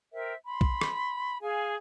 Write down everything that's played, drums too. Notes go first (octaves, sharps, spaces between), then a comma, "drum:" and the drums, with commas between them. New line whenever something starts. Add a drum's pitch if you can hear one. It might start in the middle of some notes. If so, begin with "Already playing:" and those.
A#4 C5 E5 G5
B5 C6
drum: kick B1
drum: rim click
G#4 F5 G#5